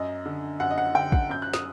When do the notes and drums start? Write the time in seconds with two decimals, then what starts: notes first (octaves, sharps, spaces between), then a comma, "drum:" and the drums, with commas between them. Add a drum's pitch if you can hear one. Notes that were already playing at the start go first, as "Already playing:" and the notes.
Already playing: F#2 D#5
0.26 D3
0.60 F#2 F#5
0.71 D#5
0.78 F#5
0.95 D3 G5
1.12 F#5, drum: kick
1.29 F#2 G6
1.42 F#6
1.54 D#6, drum: snare